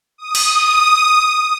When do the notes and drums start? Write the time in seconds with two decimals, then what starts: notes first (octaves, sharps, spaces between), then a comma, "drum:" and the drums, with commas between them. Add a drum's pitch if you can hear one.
0.18 D#6
0.35 drum: cymbal